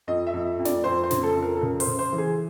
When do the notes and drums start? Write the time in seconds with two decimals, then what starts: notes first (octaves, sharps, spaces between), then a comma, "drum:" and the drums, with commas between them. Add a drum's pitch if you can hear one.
0.07 F2 D#5
0.27 E5
0.33 F2
0.59 F2
0.65 D5, drum: snare
0.84 F2 C5
1.04 C5
1.11 C#3, drum: snare
1.23 A4
1.35 F2
1.42 A#4
1.56 A4
1.61 C#3 A#4
1.80 C5, drum: open hi-hat
1.87 C#3
1.99 C5
2.13 E3
2.18 G#4